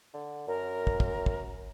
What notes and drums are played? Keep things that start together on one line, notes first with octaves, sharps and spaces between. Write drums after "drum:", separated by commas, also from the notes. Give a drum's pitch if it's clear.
D3
F#2 A#4
drum: kick
drum: kick
drum: kick